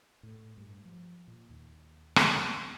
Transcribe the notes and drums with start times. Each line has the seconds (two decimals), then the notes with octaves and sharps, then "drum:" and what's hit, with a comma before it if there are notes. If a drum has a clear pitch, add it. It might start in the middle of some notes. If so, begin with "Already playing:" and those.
0.23 A2
0.57 G2
0.85 F3
1.28 A#2
1.50 D#2
2.16 drum: rim click